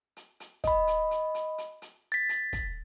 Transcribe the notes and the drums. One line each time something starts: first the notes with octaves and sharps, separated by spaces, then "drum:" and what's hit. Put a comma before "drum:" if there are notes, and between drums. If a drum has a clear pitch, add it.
drum: hi-hat
drum: hi-hat
D#5 B5, drum: kick, hi-hat
drum: hi-hat
drum: hi-hat
drum: hi-hat
drum: hi-hat
drum: hi-hat
A6 B6
drum: hi-hat
drum: kick, hi-hat